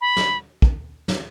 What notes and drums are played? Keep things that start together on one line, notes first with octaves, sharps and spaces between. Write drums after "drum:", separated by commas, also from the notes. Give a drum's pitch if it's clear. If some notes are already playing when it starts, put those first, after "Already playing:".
B5
drum: snare
drum: kick
drum: snare